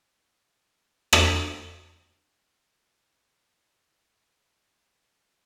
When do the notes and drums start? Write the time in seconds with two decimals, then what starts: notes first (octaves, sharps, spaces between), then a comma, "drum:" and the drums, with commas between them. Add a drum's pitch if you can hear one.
0.10 D2 F3 F#4 F5 D7 F#7
1.13 drum: rim click
2.48 E2 B4 C#5
4.11 A#1 F#2 C3 F4 A#4 G5
5.17 G#3 B4 E5